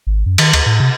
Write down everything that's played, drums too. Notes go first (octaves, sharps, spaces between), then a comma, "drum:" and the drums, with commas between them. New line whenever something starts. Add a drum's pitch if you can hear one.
G#1
F#2
D#3, drum: cymbal
D2, drum: cymbal
A2
C3